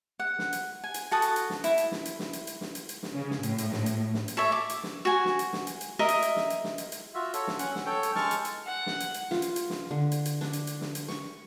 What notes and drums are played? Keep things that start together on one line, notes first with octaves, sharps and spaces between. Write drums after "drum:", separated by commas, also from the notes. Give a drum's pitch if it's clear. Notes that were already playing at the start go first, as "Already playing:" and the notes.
F#5
drum: snare
drum: hi-hat
G#5
drum: hi-hat
F#4 A4 F#5 D#6
drum: hi-hat
drum: hi-hat
drum: snare
E4, drum: hi-hat
drum: hi-hat
drum: snare
drum: hi-hat
drum: snare
drum: hi-hat
drum: hi-hat
drum: snare
drum: hi-hat
drum: hi-hat
drum: snare
C#3
drum: snare
A2, drum: hi-hat
drum: hi-hat
drum: snare
drum: hi-hat
drum: snare
drum: hi-hat
A4 C#5 E5
D6
drum: hi-hat
drum: snare
F#4 G#5
drum: snare
drum: hi-hat
drum: snare
drum: hi-hat
drum: hi-hat
A#4 D#5 E5 A#5
drum: hi-hat
drum: hi-hat
drum: snare
drum: hi-hat
drum: snare
drum: hi-hat
drum: hi-hat
F4 F#4 E5
A4 C#5, drum: hi-hat
drum: snare
C#4 F#5, drum: hi-hat
drum: snare
A4 C#5 G5
drum: hi-hat
G#3 A5 C#6 F6, drum: snare
drum: hi-hat
drum: hi-hat
F#5
drum: snare
drum: hi-hat
drum: hi-hat
F4, drum: snare
drum: hi-hat
drum: hi-hat
drum: snare
D3
drum: hi-hat
drum: hi-hat
D4, drum: snare
drum: hi-hat
drum: hi-hat
drum: snare
drum: hi-hat
C#6, drum: snare